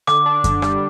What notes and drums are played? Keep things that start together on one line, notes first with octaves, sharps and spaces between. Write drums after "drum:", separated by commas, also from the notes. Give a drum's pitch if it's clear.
D3 D6, drum: rim click
D4
D3, drum: kick F#2, hi-hat
G3, drum: rim click